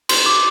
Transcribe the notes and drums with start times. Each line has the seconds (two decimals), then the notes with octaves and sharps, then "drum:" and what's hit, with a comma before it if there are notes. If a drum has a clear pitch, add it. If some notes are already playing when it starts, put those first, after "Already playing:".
0.09 C6, drum: cymbal
0.26 D6